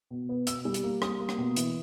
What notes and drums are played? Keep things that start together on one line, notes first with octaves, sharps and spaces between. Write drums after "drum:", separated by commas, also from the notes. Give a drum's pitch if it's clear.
B2
B3
B2 E6, drum: hi-hat
G3
drum: hi-hat
A#3
G3 D#6, drum: rim click
A#3
drum: rim click
B2
E3, drum: hi-hat